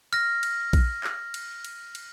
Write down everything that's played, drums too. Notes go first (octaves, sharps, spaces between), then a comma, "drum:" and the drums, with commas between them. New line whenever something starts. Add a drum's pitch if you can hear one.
F6 A#6, drum: cymbal
drum: cymbal
drum: kick A#1, cymbal
drum: clap
drum: cymbal
drum: cymbal
drum: cymbal